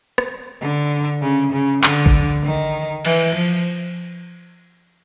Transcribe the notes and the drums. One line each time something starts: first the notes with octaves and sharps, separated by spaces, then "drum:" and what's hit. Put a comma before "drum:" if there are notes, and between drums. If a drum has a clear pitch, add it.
drum: rim click
D3
C#3
C#3
D3, drum: clap
drum: kick G#1
D#3
E3, drum: cymbal
F3